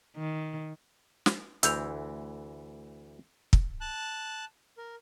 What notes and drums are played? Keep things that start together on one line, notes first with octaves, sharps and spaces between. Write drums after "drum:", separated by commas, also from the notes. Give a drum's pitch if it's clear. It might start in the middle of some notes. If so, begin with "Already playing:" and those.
D#3
drum: snare
D2 E3 E6 G6 F7, drum: hi-hat
drum: kick
A5 F#6
A#4